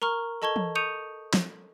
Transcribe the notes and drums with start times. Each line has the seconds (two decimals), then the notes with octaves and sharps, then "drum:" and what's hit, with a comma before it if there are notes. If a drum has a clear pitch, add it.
0.02 A#4 A#5 C#6 F6
0.42 A4 D#5 A5 C#6 G#6 G7
0.56 drum: tom E3
0.75 C#6 D#6 G6 C#7 D#7 F7
1.34 drum: snare